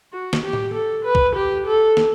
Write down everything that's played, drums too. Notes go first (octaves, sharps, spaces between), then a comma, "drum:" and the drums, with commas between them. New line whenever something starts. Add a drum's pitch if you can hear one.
F#4
drum: snare
G4
drum: tom A2
A4
B4
drum: kick B1
G4
A4
drum: snare